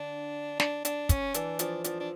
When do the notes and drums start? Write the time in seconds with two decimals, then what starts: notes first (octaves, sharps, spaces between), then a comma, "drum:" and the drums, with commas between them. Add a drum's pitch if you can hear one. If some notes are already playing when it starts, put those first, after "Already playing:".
Already playing: D3 D4
0.60 D4, drum: snare
0.85 D4, drum: hi-hat
1.09 C#4, drum: kick, hi-hat
1.34 E3 D4, drum: hi-hat
1.59 F3 D4, drum: hi-hat
1.84 F3 D4, drum: hi-hat
2.00 D4